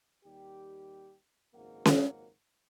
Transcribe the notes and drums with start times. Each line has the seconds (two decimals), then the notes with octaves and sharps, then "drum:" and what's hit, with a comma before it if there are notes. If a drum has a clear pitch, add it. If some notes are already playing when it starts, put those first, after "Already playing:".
0.25 D#2 G3 G4
1.54 G#1 C#2 F#2 A#3 F#5
1.85 drum: snare C#4